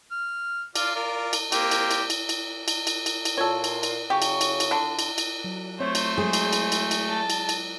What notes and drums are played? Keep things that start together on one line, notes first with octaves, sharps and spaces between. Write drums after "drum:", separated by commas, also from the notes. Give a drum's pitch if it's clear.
F6
F4 D5 F5, drum: cymbal
F4 A#4 D5
drum: cymbal
A#3 C4 G4, drum: cymbal
drum: cymbal
drum: cymbal
drum: cymbal
drum: cymbal
drum: cymbal
drum: cymbal
drum: cymbal
drum: cymbal
A#2 F4 A4 C#5
drum: cymbal
drum: cymbal
C#3 F#3 G4 C#6
drum: cymbal
drum: cymbal
drum: cymbal
D3
drum: cymbal
drum: cymbal
F#3
A3 C4 C5 C#5
drum: cymbal
F#3 G#3 G#4
drum: cymbal
drum: cymbal
drum: cymbal
drum: cymbal
A5
drum: cymbal
drum: cymbal